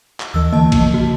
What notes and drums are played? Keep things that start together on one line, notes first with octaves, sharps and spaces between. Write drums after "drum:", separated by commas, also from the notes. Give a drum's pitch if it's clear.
drum: clap
D#2 E3 E6
D3 E3 A#3 D#5 A5
C#3 F3 A#3, drum: kick A#1, cymbal
F#4